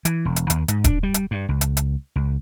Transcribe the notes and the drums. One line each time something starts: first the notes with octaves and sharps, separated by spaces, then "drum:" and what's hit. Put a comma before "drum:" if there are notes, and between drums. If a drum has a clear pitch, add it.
E3, drum: hi-hat
E1
drum: hi-hat
D#2, drum: hi-hat
G#2, drum: hi-hat
D4, drum: kick D#1, hi-hat
G3
drum: hi-hat
G2
C#2
drum: hi-hat
drum: hi-hat
C#2